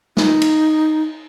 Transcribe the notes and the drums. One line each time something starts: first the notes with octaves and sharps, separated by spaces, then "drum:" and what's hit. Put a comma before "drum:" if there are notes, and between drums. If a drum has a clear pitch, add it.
D#4, drum: snare
drum: cymbal